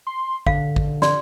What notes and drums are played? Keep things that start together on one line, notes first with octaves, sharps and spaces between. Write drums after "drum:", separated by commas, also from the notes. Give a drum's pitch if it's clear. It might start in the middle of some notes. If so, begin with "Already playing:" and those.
C6
D3 F5, drum: kick G#1
drum: kick G#1
D3 D5 C6, drum: snare